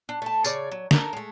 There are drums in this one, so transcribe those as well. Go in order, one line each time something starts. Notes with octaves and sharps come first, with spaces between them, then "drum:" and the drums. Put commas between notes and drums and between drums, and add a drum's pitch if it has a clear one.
D4
A3 A5
C#3 C#5 D5, drum: tambourine
F#3
A4 A#4, drum: snare
G#3 A3